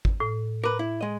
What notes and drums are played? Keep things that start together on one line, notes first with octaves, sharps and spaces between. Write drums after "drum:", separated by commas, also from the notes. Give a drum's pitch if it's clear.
drum: kick G#1
A2
A#4 B4 D6
E4
G#3 D#5